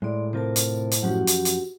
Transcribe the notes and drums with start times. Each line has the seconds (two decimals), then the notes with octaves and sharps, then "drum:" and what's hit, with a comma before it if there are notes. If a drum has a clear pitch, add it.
0.02 A2 G#3 D5 C6
0.33 C3 F4 A#4 C5 A5
0.56 drum: hi-hat
0.91 drum: hi-hat
1.02 F#2 F3 C#4 F#4 G4 F#5
1.27 drum: hi-hat
1.45 drum: hi-hat